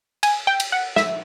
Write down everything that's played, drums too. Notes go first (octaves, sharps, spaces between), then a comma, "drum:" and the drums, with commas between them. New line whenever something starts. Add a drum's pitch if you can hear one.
G#5, drum: cymbal
G5
drum: cymbal
F#5
E5, drum: snare